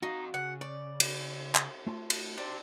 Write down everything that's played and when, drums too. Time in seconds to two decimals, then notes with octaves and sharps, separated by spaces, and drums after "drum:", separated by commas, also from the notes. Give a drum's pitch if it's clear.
0.03 F2 D#4 F#4 F5
0.34 C#3 F#5
0.61 C#5 D5
1.00 drum: cymbal
1.55 drum: clap
1.87 A3 F4 A5
2.10 drum: cymbal
2.38 D4 G4 C5